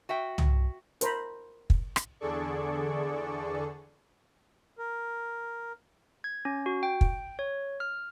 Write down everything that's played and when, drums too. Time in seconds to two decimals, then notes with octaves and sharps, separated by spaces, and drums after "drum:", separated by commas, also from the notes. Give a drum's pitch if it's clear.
0.09 F#4 E5 G5
0.38 drum: tom
1.01 A#4 C5 A#5 B5, drum: hi-hat
1.70 drum: kick
1.96 drum: rim click
2.20 E2 D3 G#4 A4 D5 C#6
4.79 A#4
6.24 G#6
6.45 C#4
6.66 F#4
6.83 G5
7.01 drum: kick
7.39 C#5
7.80 F6